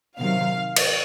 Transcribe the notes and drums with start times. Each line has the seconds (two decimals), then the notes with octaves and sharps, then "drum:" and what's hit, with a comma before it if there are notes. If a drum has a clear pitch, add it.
0.18 C3 D#3 F#3 F5
0.76 drum: cymbal